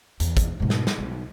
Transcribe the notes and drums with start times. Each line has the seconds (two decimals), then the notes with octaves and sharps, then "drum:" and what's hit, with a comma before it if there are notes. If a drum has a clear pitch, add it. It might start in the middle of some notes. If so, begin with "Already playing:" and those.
0.20 E2, drum: hi-hat
0.37 drum: kick, hi-hat
0.60 G#2 B2
0.70 drum: snare
0.87 drum: snare
0.98 B1